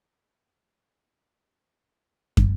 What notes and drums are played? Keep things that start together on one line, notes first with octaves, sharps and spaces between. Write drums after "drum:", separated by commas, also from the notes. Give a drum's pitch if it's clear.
F#3
D#3
B4
F4
B2
A3
drum: kick